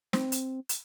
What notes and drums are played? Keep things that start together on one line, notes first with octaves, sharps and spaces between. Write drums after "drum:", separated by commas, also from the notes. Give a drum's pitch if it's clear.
C4, drum: snare
drum: hi-hat
drum: hi-hat